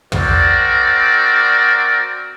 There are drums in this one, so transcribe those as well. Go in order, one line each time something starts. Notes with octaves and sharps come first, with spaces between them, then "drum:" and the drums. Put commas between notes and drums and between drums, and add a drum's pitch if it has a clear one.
C4 F#4 A#4 D5, drum: tom